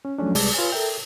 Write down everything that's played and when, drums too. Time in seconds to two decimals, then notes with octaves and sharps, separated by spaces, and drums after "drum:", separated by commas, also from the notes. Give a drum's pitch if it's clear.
0.05 C#4
0.18 F3 F#3 A3 C#4 D4
0.35 C2 G3 G#3 D5 A5 D6, drum: open hi-hat
0.54 F4 B4 C#5 G#5
0.72 A4 A#4 E5 G5